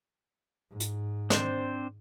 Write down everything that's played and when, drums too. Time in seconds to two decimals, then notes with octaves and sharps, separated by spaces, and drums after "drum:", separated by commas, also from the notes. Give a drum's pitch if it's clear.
0.71 G#2
0.80 drum: hi-hat
1.30 C4 D4 C5, drum: snare